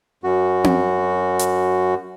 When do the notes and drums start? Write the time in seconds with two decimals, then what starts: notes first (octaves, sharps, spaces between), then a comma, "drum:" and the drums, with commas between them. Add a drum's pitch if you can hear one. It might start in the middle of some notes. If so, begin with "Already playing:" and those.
0.24 F#2 F#4
0.64 drum: tom C4
1.39 drum: hi-hat